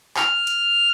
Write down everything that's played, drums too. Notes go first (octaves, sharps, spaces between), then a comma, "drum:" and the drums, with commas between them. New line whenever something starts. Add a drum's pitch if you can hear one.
F6, drum: clap
drum: hi-hat